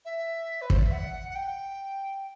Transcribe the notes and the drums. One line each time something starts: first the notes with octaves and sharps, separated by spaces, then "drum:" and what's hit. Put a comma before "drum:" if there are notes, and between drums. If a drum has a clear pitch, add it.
E5
B4
C5, drum: kick
D5
E5
F#5
F#5
G5